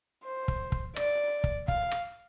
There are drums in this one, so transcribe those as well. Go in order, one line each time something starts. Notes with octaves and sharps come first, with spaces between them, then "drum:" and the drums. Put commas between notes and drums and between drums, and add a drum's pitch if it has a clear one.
C5
drum: kick
drum: kick
D5, drum: rim click
drum: kick
F5, drum: kick
drum: rim click